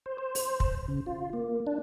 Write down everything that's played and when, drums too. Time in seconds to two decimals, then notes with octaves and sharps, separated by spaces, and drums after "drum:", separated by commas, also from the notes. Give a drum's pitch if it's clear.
0.06 C5
0.18 C5
0.35 drum: open hi-hat
0.60 drum: kick
0.88 C#3
1.06 F4
1.33 A#3
1.67 D4